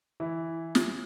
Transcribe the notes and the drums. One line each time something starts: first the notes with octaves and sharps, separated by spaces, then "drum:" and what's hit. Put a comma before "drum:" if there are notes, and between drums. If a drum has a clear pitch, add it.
E3 E4
drum: snare